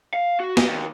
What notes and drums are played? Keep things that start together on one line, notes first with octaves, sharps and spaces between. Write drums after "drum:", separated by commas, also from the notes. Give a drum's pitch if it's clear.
F5
F#4
D#5, drum: snare
D#2